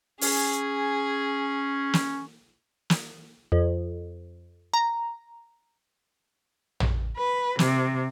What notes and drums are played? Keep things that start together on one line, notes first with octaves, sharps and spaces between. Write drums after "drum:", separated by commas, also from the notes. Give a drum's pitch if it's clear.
C#4 G#4, drum: open hi-hat
drum: snare
drum: snare
F2
A#5
drum: tom
B4
C3, drum: snare